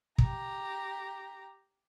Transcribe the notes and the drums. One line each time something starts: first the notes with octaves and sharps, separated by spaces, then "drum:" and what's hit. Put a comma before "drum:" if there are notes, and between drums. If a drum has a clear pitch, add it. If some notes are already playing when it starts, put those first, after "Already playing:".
G4 A#5, drum: kick